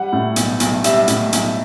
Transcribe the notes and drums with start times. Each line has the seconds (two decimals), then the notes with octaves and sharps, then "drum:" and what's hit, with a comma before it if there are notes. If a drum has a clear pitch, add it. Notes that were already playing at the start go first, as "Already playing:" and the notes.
Already playing: G3 F#5
0.12 A2
0.36 B1, drum: hi-hat
0.60 B1, drum: hi-hat
0.84 G3 E5, drum: hi-hat
1.08 A2, drum: hi-hat
1.33 B1, drum: hi-hat